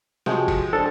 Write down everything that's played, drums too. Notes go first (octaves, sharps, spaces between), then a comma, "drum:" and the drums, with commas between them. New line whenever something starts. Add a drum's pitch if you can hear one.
C3 F3 G#3 F#4 G5, drum: snare
drum: kick F#1, cymbal
D4 A4 C5